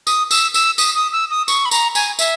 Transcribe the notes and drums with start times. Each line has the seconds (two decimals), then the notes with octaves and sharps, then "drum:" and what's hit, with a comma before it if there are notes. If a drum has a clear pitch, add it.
0.07 D#6, drum: tambourine
0.31 E6, drum: tambourine
0.54 E6, drum: tambourine
0.78 D#6, drum: tambourine
0.95 D#6
1.12 E6
1.30 D#6
1.48 C#6, drum: tambourine
1.65 B5
1.71 A#5, drum: tambourine
1.95 G#5, drum: tambourine
2.19 E5, drum: tambourine